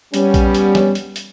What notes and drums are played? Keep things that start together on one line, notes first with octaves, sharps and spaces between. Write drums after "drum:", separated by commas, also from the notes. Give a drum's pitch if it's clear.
G3 B3 C#4, drum: hi-hat
drum: kick A#1, hi-hat
drum: hi-hat
drum: snare
drum: hi-hat
drum: hi-hat